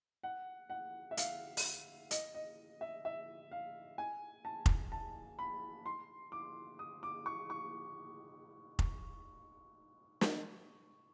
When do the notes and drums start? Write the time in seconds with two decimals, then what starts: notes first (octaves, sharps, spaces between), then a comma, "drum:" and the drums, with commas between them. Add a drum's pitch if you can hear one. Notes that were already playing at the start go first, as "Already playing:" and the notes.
0.23 F#5
0.70 F#5
1.11 E5
1.17 F5, drum: hi-hat
1.57 drum: open hi-hat
2.11 D#5, drum: hi-hat
2.34 D#5
2.81 E5
3.05 E5
3.52 F5
3.98 G#5
4.45 A5
4.66 drum: kick F1
4.92 A5
5.39 B5
5.86 C6
6.32 D6
6.79 D#6
7.03 D6
7.26 C#6
7.50 C#6
8.79 drum: kick F1
10.21 drum: snare